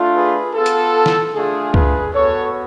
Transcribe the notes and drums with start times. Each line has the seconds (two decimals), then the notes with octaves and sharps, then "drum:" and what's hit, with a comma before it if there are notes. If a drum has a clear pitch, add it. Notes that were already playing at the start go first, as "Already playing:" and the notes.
Already playing: A3 D4 F4
0.15 G#4 B4
0.55 B3 F4 A4
0.66 drum: hi-hat
1.06 drum: snare
1.35 A3 D4 F4 G#4
1.74 G#4 B4, drum: kick C#2
2.13 B3 F#4 A4 C#5